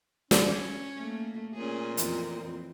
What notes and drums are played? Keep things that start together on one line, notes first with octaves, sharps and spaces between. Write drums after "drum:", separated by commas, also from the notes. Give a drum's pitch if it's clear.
C#4, drum: snare
A3 A#3
A#2 C#4 G#4
F2 E3 C4, drum: hi-hat